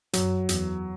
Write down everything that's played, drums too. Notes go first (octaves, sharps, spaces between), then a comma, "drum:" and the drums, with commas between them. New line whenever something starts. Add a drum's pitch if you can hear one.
F#2 F#3, drum: hi-hat
E2, drum: hi-hat